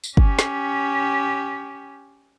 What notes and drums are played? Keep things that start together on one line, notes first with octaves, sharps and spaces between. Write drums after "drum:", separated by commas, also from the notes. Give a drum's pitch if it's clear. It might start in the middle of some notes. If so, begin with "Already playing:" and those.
drum: tambourine
C#4 G4, drum: kick
drum: snare